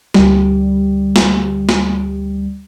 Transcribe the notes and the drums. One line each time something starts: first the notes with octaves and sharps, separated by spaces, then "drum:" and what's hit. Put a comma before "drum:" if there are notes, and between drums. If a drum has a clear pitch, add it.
D2 G3, drum: snare
drum: snare
drum: snare